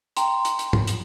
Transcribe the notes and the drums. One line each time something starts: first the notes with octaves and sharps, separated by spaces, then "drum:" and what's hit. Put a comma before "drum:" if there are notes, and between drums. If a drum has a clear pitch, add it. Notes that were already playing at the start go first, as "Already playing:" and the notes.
G5 A#5 C6, drum: hi-hat
drum: hi-hat
drum: hi-hat
drum: tom
drum: hi-hat